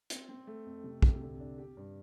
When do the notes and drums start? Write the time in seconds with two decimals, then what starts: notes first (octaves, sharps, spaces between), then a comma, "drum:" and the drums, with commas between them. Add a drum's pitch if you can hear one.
0.10 C4, drum: hi-hat
0.29 C4
0.47 A3
0.66 F2
0.84 C3
1.02 C3, drum: kick
1.21 D3
1.40 D4
1.58 G4
1.77 G2